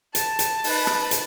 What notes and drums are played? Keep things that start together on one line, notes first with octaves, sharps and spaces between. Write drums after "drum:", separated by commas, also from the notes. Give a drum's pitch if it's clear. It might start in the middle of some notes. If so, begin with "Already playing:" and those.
A5, drum: hi-hat
drum: hi-hat
D#4 B4, drum: open hi-hat
drum: rim click
drum: hi-hat